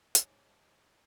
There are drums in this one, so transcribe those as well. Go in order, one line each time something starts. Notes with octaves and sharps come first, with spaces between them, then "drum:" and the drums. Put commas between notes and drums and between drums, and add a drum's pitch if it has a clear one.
G#2 D#3 D4 G4 C#5 A5, drum: hi-hat